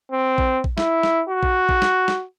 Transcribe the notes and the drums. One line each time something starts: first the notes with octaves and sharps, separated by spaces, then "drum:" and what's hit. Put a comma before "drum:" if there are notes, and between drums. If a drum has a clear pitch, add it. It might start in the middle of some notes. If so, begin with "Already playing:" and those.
C4
drum: kick A#1
drum: kick A#1
E4, drum: snare
drum: snare
F#4
drum: kick A#1
drum: kick A#1
drum: snare
drum: snare